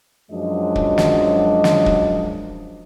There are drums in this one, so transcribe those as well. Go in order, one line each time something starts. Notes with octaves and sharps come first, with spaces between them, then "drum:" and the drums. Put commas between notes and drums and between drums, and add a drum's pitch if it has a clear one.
F#2 F3 F#3 G#3 D4 D#5
drum: kick
drum: snare
drum: snare
drum: kick